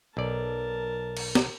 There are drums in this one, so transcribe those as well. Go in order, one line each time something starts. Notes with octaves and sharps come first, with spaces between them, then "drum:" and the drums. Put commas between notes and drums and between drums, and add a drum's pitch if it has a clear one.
B1 A#4 D5 A5
drum: cymbal
drum: snare